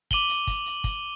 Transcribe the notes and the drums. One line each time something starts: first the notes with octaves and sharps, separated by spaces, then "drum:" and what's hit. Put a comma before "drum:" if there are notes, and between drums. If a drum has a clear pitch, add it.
D6 D#7 F#7 G7, drum: kick, hi-hat
drum: hi-hat
drum: kick, hi-hat
drum: hi-hat
drum: kick, hi-hat